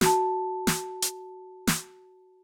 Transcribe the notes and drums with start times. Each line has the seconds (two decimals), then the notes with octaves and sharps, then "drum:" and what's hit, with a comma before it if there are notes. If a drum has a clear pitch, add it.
0.01 F#4 A5, drum: snare
0.67 drum: snare
1.02 drum: hi-hat
1.67 drum: snare